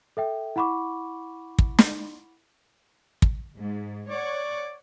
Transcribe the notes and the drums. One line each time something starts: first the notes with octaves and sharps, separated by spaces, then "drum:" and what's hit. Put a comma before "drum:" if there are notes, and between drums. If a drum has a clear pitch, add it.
A4 E5 G5
E4 F#5 B5 C#6 D6
drum: kick
drum: snare
drum: kick
G#2
C#5 D5 F#5 C#6